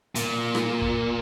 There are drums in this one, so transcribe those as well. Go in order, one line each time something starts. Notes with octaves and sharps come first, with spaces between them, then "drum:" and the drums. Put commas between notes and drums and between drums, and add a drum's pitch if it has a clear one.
A#2, drum: hi-hat
drum: rim click
drum: kick